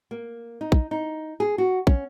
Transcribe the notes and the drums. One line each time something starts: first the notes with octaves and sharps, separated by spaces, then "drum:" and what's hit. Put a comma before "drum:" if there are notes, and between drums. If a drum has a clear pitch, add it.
A#3
D#4
drum: kick
D#4
G#4
F#4
C#4, drum: kick